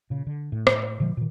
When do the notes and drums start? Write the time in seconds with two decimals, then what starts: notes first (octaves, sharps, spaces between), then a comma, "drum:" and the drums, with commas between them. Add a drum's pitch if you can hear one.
0.10 A#2 C#3
0.27 D3
0.52 A2
0.67 drum: rim click
1.00 A#2 D3 F3 G#3
1.17 A#2 D#3